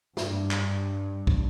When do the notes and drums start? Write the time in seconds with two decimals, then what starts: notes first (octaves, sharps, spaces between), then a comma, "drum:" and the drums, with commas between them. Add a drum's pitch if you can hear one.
0.17 G2, drum: snare
0.51 drum: clap
1.27 drum: kick